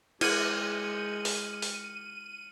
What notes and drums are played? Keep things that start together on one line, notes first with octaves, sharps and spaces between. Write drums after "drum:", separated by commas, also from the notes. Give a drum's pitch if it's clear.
G#3 E4 F6 C#7 D#7 F#7, drum: cymbal
drum: open hi-hat
drum: open hi-hat